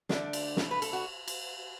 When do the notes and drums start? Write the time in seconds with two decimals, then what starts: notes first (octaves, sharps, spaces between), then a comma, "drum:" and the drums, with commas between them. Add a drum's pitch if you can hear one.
0.09 D3 A3 D4, drum: snare
0.33 drum: cymbal
0.57 B2 A3, drum: snare
0.71 B4
0.82 A4, drum: cymbal
0.93 F#4
1.28 drum: cymbal